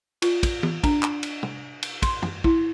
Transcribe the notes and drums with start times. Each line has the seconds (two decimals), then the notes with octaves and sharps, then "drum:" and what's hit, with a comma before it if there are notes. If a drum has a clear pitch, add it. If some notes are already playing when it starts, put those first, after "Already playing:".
0.22 F4, drum: cymbal
0.43 drum: kick, cymbal
0.63 drum: tom E3
0.84 D4, drum: kick, cymbal
1.03 drum: clap
1.23 drum: cymbal
1.43 drum: tom
1.82 drum: cymbal
2.02 C6, drum: kick, cymbal
2.22 drum: tom
2.44 E4, drum: kick